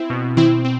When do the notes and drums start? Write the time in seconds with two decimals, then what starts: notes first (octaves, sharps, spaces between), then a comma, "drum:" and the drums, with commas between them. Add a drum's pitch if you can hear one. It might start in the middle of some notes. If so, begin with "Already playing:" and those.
Already playing: C4 E4
0.10 B2
0.37 C4 E4, drum: tom D#3
0.64 C4